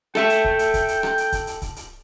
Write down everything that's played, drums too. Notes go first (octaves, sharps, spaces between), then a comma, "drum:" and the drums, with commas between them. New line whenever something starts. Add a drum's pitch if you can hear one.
A4 E5 G5, drum: rim click
drum: hi-hat
drum: kick C#1
drum: hi-hat
drum: kick C#1, hi-hat
drum: hi-hat
drum: rim click
drum: hi-hat
drum: kick C#1, hi-hat
drum: hi-hat
drum: kick C#1, hi-hat
drum: hi-hat